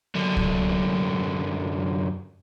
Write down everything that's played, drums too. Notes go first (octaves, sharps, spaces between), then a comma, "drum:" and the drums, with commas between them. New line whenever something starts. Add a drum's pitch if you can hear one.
F#2 D3
drum: kick C2